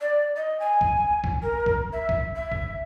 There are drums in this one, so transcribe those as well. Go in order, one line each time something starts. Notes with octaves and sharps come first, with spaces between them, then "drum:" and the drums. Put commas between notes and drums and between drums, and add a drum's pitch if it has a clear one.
D5
D#5
G#5
drum: kick
drum: kick
A#4
drum: kick
E5
drum: kick
E5
drum: kick